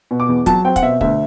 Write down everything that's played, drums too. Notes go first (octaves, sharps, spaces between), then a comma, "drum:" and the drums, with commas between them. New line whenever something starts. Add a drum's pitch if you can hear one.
B2
D6
E2
F#3 A5, drum: kick, hi-hat
C4 G5
F#5, drum: kick, hi-hat
B2 E5
D2 E5, drum: kick